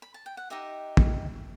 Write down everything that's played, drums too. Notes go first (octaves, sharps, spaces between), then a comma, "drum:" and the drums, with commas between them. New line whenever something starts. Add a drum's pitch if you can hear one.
B5
A5
G5
F#5
D#4 G4 D#5 E5
drum: kick